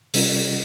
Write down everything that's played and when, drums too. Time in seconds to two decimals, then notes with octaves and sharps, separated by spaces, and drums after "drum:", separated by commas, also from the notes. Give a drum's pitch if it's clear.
0.14 C3 G3 C#4 F4, drum: open hi-hat